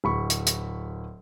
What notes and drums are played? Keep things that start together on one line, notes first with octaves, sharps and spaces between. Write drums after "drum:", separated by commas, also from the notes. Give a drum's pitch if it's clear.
D1 B5 C#6
drum: hi-hat
drum: hi-hat